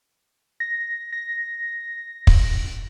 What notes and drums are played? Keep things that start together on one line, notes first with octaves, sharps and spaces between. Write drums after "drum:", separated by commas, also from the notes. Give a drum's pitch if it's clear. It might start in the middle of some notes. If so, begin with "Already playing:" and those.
A#6
A#6
drum: kick